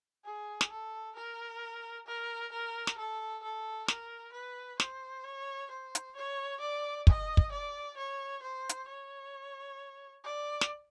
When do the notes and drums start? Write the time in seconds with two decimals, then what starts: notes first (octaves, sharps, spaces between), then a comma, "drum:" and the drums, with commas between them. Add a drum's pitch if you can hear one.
0.25 G#4
0.61 drum: snare
0.71 A4
1.16 A#4
2.07 A#4
2.52 A#4
2.87 drum: snare
2.97 A4
3.43 A4
3.88 A#4, drum: snare
4.33 B4
4.80 C5, drum: snare
5.24 C#5
5.70 C5
5.95 drum: hi-hat
6.16 C#5
6.60 D5
7.07 D#5, drum: kick
7.37 drum: kick
7.51 D5
7.97 C#5
8.42 C5
8.69 drum: hi-hat
8.88 C#5
10.24 D5
10.61 drum: snare